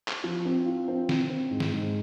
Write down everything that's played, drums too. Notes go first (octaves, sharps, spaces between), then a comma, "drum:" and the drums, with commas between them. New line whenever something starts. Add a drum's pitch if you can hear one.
drum: clap
F3
C4
F4
C4
C4, drum: snare
C4
G#2
drum: snare
G#2